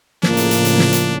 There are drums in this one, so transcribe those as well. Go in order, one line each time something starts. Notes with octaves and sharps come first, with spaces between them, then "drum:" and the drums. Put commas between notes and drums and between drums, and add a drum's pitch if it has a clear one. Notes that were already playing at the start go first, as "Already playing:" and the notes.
A2 C#3 F3 A#3 D4, drum: snare
drum: hi-hat
drum: hi-hat
drum: hi-hat
drum: snare
drum: hi-hat